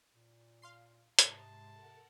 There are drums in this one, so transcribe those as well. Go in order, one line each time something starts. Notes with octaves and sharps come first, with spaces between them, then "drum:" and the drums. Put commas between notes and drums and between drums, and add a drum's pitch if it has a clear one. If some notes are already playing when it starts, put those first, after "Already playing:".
A#2
F5 C6 C7
G#2 C3 A5 A#5 C6 D#6, drum: hi-hat
A4 A#4 F#5